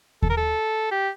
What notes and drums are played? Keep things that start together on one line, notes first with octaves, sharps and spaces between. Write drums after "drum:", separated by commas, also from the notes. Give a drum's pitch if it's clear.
A4, drum: kick D#2
A#4
A4
G4